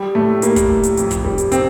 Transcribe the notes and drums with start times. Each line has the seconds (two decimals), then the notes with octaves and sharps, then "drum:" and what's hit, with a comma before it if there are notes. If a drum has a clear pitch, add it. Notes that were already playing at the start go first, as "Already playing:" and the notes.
Already playing: G3
0.15 A2 A3
0.42 G3 A#3, drum: hi-hat
0.56 drum: kick, hi-hat
0.70 A2
0.83 drum: hi-hat
0.97 F2, drum: hi-hat
1.11 drum: kick, hi-hat
1.25 G3
1.38 drum: hi-hat
1.52 C3 C4, drum: hi-hat